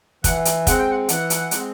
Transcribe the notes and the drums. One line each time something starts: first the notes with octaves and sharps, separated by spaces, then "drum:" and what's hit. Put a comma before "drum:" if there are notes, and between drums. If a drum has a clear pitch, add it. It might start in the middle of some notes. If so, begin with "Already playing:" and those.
E3 F#5, drum: kick, hi-hat
drum: hi-hat
G#3 C4 F#5, drum: kick, hi-hat
G5
F#5
E3 F#5, drum: hi-hat
drum: hi-hat
G#3 C4, drum: hi-hat